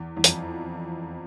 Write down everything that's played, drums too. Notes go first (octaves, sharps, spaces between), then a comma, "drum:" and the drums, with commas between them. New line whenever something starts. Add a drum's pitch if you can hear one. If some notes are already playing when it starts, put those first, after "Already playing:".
Already playing: E2
E2
F2, drum: hi-hat